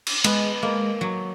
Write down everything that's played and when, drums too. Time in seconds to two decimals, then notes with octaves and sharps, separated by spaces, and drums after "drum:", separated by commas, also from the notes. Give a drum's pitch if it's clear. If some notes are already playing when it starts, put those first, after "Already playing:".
0.07 drum: cymbal
0.24 G#3 B3, drum: cymbal
0.63 G#3 A#3
1.01 F#3